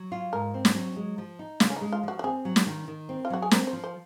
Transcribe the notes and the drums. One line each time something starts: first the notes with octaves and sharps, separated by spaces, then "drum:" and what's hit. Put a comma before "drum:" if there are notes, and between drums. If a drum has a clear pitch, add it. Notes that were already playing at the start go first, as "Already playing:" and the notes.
Already playing: F#3
F4
G#2 A#4
C4
drum: snare
F#3
G#3
F3
D#4
C#3 F4, drum: snare
C#4
D#4
G#3
F4
F3 F#4
F#4
C4 G#4
F#3
drum: snare
D#3
D#3
C4
F4
F#3 F#4
G#4
C4 A#4, drum: snare
C5
F3
C5